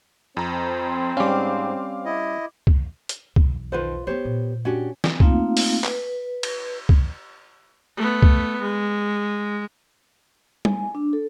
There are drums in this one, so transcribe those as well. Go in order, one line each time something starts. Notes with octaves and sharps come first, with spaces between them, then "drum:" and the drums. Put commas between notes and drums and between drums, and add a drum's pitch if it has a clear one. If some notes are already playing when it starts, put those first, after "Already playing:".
F2 C4 A#5
G#2 G3 C#4 F5 D6
E4 D#5
drum: kick C2
drum: hi-hat
B1 E2, drum: kick C2
D#3 F4 A4 B4 C5
A3 B3 G4 C5 C#5
A#2
C#4 D4 F#4 G4
drum: snare
A3 A#3 C4 D#4 F4 F5, drum: kick C2
drum: open hi-hat
B4, drum: clap
drum: cymbal
drum: kick C2
A3 B3
drum: kick C2
G#3
G#5, drum: tom
D4
A4